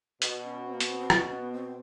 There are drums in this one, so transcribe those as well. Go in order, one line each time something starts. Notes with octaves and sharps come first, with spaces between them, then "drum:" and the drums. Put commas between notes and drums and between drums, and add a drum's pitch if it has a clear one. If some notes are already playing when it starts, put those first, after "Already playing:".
B2, drum: hi-hat
C#4
C4
A#3
B3, drum: hi-hat
C4
C4
C#4, drum: rim click
B3
C4